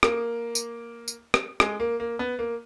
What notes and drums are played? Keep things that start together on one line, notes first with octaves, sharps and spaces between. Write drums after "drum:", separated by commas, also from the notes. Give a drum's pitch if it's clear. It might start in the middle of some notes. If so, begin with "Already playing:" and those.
A#3, drum: rim click
drum: tambourine
drum: tambourine
drum: rim click
G#3, drum: rim click
A#3
A#3
B3
A#3